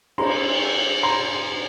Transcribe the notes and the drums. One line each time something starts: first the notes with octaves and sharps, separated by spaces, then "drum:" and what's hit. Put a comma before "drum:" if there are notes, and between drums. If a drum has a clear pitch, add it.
A#5 C6, drum: cymbal
A#5 C6